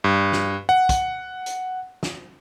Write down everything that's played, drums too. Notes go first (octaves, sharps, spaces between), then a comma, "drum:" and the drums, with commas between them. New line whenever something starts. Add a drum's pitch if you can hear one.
G2
drum: snare
F#5
drum: kick, hi-hat
drum: hi-hat
drum: snare